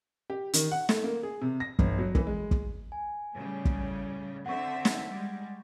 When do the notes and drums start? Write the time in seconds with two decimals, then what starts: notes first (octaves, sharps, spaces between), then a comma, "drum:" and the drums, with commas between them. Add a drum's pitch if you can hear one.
0.30 G4
0.53 D#3, drum: hi-hat
0.71 F#5
0.89 A3, drum: snare
1.04 A#3
1.23 G#4
1.41 C3
1.60 A#6
1.79 G1, drum: kick
1.99 F#3
2.15 E3, drum: kick
2.27 G#3
2.51 drum: kick
2.92 G#5
3.34 A2 C#3 G3
3.65 drum: kick
4.46 D3 C4 E5 F#5 C#6
4.85 drum: snare
5.08 G3 G#3